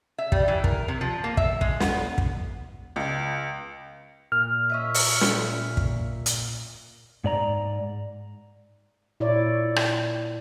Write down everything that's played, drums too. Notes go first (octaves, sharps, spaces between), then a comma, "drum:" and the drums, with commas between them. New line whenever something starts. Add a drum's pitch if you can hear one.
E5
G3, drum: kick
E3
A#4, drum: kick
C3
F3
A#3
E5, drum: kick
G#3, drum: kick
B3, drum: snare
drum: kick
C#2
A#2 F6
C#4 D#5 E5
drum: open hi-hat
drum: snare
drum: kick
drum: hi-hat
G#2 D5 A#5
A#2 E4 C#5 D5
drum: rim click